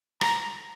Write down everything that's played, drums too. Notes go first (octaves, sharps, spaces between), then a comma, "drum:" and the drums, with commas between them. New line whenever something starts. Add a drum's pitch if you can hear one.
A#5, drum: rim click